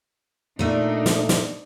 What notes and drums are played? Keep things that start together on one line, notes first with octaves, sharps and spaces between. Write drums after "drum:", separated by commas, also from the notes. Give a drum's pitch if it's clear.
A#2 A3 D4 D#4
drum: snare
drum: snare